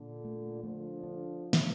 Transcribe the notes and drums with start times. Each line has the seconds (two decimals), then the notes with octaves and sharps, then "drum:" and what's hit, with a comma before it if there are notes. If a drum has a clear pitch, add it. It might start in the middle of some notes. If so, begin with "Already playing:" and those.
Already playing: A#2 D3
0.24 A3
0.63 D3 F3 A3
1.03 D4
1.53 drum: snare